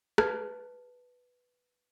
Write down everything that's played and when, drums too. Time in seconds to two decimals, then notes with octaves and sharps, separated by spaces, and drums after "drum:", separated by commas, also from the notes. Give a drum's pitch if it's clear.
0.18 B4 A5 F6 G#6, drum: rim click